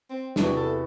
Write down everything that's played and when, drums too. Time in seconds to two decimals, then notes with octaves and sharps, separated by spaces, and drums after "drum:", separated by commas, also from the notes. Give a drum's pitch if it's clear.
0.10 C4
0.36 E2 C3 E3 B3 D4 F#4, drum: snare
0.56 A4